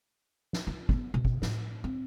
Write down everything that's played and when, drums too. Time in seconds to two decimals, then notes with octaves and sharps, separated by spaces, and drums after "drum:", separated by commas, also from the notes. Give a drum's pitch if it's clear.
0.53 drum: snare
0.67 F4
0.89 F#3 B3, drum: kick
1.14 B2
1.25 drum: kick
1.42 A2, drum: snare
1.84 C4